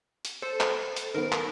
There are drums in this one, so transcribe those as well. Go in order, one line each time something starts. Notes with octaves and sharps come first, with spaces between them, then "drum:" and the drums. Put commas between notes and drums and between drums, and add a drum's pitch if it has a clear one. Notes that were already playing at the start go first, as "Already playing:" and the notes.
drum: hi-hat
A4 C5
drum: clap
drum: hi-hat
D#3 B3 A#4
drum: clap